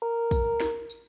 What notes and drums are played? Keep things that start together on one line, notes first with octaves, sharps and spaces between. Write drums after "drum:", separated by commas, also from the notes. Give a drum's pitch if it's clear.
A#4
drum: kick, tambourine
drum: snare
drum: tambourine